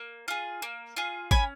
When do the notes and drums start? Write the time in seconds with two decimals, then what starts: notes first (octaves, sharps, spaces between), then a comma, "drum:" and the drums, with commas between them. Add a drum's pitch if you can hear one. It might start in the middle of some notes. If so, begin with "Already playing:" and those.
Already playing: A#3
0.28 F4 G#4
0.62 A#3
0.96 F4 G#4
1.31 C#4 G#5 B5, drum: kick